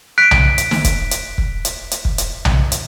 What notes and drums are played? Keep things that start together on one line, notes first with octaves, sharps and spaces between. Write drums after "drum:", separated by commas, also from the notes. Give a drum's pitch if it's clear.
F#6 B6 D7
drum: tom B1
drum: hi-hat
drum: snare
drum: kick, hi-hat
drum: hi-hat
drum: kick
drum: hi-hat
drum: hi-hat
drum: kick
drum: hi-hat
drum: tom B1
drum: hi-hat